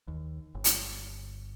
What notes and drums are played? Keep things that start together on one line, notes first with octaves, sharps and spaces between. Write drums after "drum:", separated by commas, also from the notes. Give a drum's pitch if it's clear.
D#2
G1
drum: hi-hat